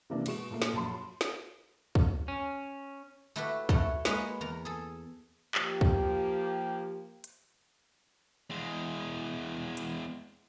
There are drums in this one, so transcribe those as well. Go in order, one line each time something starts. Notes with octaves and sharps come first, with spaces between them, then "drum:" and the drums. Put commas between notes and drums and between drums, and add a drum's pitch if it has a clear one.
C3 E3 A#3 D4
B2 G#3 C#6 E7, drum: cymbal
A#2 A3 A#3
drum: snare
A#1 F#2 A5 B5 C6
drum: snare
drum: kick
C#4
A3 E4 F#4 G4 B4
A3 F#4 A4 C#5, drum: kick
G#3 A#3 B4 C#5 D#5, drum: snare
E2 A#4 A#5
G#4 A4
F3 A#3 G4, drum: clap
drum: kick
drum: hi-hat
E2 G#3
drum: hi-hat